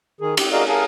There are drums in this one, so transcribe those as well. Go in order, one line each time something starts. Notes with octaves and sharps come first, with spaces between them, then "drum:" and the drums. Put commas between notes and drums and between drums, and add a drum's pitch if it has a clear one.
D#3 G#4
G4, drum: cymbal
F#4 G#4 A#4 D5 D#5 F5
G#4 A#4 F5 G#5 A5